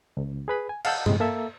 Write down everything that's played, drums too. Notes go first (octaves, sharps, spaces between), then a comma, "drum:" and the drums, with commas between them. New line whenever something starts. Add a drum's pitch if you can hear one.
C#2
G#4 B4 B5
G#5
F5 F#5 A5 E6 F#6 G6, drum: cymbal
A2 C3 G#3, drum: tom G2
A#3 A4 E5 E6